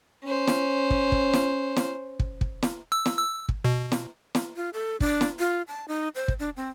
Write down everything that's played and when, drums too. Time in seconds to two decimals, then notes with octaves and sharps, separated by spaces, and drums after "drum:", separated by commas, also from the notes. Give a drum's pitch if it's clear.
0.24 C#4 C5
0.47 drum: snare
0.90 drum: kick
1.12 drum: kick
1.33 drum: snare
1.76 drum: snare
2.19 drum: kick
2.41 drum: kick
2.63 drum: snare
2.92 E6
3.06 drum: snare
3.17 E6
3.49 drum: kick
3.65 B2
3.92 drum: snare
4.35 drum: snare
4.56 F4
4.73 A4
5.00 D4, drum: kick
5.21 drum: snare
5.39 F4
5.68 A5
5.88 D#4
6.15 C5
6.28 drum: kick
6.39 D4
6.57 C4